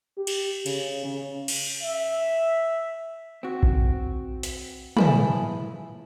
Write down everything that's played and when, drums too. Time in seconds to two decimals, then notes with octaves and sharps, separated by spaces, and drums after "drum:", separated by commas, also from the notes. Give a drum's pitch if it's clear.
0.17 G4
0.27 drum: cymbal
0.66 C#3, drum: cymbal
1.05 C#3
1.48 drum: cymbal
1.83 E5
3.43 C4 F#4
3.63 drum: kick A#1
4.43 drum: hi-hat
4.97 F3 E4 G#4 B4 G#5 A5 B5, drum: tom